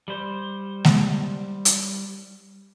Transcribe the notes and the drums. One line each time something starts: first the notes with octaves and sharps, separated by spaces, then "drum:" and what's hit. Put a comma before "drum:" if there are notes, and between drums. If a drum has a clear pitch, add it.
G3 C5
drum: snare G#3
drum: hi-hat